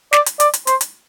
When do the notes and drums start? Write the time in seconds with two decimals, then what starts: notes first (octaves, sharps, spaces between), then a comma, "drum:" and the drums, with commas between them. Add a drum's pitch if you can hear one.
0.13 D5, drum: snare
0.26 drum: hi-hat
0.40 D5, drum: hi-hat
0.54 drum: hi-hat
0.67 C5, drum: hi-hat
0.81 drum: hi-hat